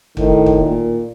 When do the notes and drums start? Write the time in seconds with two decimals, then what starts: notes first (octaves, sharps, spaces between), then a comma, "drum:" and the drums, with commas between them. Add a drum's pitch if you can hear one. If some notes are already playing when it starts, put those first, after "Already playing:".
0.17 A2 D#3, drum: kick
0.46 drum: kick
0.61 A#2